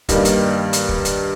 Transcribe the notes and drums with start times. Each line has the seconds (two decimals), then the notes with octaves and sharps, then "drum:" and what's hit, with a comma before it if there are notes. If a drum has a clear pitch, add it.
0.09 G2 D#3 G3 A#3, drum: kick, hi-hat
0.25 drum: hi-hat
0.73 drum: hi-hat
0.89 drum: kick
1.05 drum: hi-hat